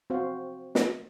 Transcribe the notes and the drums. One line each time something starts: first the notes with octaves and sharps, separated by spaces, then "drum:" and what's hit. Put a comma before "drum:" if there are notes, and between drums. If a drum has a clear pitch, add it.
C4 F#4 C5 F5
drum: snare